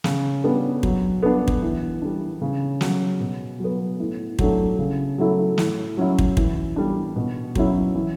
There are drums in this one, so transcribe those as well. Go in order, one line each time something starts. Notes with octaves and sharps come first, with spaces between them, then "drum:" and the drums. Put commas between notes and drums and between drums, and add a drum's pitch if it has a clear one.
C#3, drum: snare
G3 B3 D4
F#3, drum: kick
B3 D4
drum: kick
E3
G3 D4
C#3
F#3 C#4, drum: snare
B2
F#3 B3
A2
F#3 A3 D4, drum: kick
C#3
F#3 A3 E4
A2, drum: snare
F#3 C#4 E4
drum: kick
E3, drum: kick
G3 D4
B2
F#3 C#4 E4, drum: kick
E3